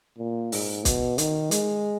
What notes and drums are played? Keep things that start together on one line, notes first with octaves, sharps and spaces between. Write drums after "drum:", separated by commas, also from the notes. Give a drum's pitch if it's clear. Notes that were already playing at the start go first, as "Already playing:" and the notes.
A#2
G#2, drum: open hi-hat
B2, drum: kick, hi-hat
D#3, drum: hi-hat
G#3, drum: hi-hat